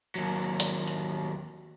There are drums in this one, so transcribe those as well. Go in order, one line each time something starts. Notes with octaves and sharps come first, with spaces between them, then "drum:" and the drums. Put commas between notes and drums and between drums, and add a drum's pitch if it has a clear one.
D#2 F#3
drum: hi-hat
drum: tambourine